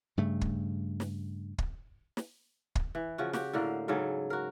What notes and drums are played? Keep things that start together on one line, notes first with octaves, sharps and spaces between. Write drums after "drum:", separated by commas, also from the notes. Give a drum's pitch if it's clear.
G2 C#3 A3
drum: kick
drum: snare
drum: kick
drum: snare
drum: kick
E3
C#3 F3 F#4
F#4 G4, drum: snare
A2 D3 A#3
G#2 C#3 F#3 A4
F#4 A#4